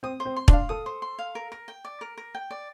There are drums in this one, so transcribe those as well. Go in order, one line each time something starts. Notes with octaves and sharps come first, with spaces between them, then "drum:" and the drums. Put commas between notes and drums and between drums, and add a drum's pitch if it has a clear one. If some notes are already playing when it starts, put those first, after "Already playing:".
C4 D#6
C5
C4
C6
D4, drum: kick
F5
A4 D#6
C5
C6
F5
A#4
A#4
G5
D5
A#4
A#4
G5
D5